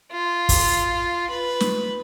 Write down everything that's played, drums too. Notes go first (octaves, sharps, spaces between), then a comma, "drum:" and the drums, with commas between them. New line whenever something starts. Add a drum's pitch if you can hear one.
F4
drum: kick, open hi-hat
B4
drum: snare